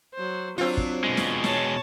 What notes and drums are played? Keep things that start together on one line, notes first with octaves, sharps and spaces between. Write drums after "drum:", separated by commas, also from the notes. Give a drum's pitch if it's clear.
F#3 C5
F#3 C4 D4 F4
drum: kick
B2 G#3
drum: snare
C#5 A5, drum: snare